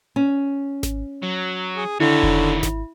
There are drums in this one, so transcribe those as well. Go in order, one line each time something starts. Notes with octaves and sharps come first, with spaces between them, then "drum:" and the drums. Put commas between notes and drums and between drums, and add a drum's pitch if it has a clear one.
C#4
drum: snare G#1
F#3
G#4
D3 D#3 E4 C#5
drum: kick F1
drum: snare G#1